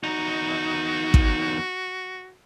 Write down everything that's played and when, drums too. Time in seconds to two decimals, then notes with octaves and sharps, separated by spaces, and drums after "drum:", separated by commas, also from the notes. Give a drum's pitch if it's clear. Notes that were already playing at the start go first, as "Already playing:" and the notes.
0.04 E2 D#4 F#4
1.14 drum: kick